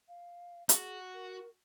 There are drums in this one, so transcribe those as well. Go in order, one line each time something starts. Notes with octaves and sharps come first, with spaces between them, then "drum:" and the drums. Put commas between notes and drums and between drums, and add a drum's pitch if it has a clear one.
F5
F#4 G#4, drum: hi-hat
A#4